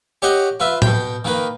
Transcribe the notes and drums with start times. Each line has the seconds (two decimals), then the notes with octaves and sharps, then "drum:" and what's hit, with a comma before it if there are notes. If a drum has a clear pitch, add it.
0.22 G4 C#5 D#5 F#5
0.60 F4 B4 E5
0.82 B2 G5, drum: tom A2
1.24 D#3 A#3 B4